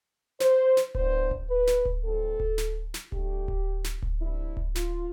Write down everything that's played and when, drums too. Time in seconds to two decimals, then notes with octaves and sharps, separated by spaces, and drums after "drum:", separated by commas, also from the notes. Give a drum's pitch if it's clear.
0.40 C5, drum: snare
0.77 drum: snare
0.95 G2 E3 B3 D4 C5, drum: kick D1
1.31 drum: kick D1
1.50 B4
1.67 drum: snare
1.85 drum: kick D1
2.03 F2 E3 G3 C4 A4
2.40 drum: kick D1
2.58 drum: snare
2.94 drum: snare
3.12 G2 D3 A3 G4, drum: kick D1
3.48 drum: kick D1
3.84 drum: snare
4.02 drum: kick D1
4.20 C3 G3 D4 E4
4.57 drum: kick D1
4.75 F4, drum: snare